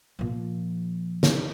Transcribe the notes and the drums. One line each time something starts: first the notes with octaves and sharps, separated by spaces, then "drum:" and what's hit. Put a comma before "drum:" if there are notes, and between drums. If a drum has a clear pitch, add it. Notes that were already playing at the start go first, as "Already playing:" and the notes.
A#2 F3
drum: snare